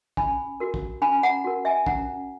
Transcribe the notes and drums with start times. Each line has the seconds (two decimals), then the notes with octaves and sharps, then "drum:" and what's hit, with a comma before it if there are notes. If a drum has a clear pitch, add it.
0.17 C#4 G#5 B5, drum: kick
0.60 F#4 A#4
0.74 drum: kick
1.02 C#4 G#5 B5
1.23 F#5 A#5
1.44 F#4 A#4
1.65 E5 G#5
1.86 C#4 F#5 A#5, drum: kick